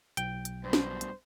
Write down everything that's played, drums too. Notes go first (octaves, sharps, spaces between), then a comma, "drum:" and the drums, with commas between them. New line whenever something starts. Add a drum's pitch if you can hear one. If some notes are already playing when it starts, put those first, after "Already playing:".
B1 G5, drum: hi-hat
drum: hi-hat
G2 B2 C5
drum: snare
drum: hi-hat